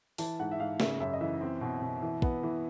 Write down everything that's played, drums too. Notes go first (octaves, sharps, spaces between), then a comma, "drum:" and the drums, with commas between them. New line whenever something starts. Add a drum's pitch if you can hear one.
E3 A5, drum: open hi-hat
G#2 F#5
E5
G#2 F5
C#3 E5, drum: snare
F#2 E5
D#5
E3 E5
C4
B2
B2
E3
B3, drum: kick
E3